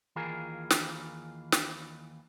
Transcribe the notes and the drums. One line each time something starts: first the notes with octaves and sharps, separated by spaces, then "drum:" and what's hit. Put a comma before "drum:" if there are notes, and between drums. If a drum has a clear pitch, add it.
D#2 E3 F4 G#4 A#4
drum: snare
drum: snare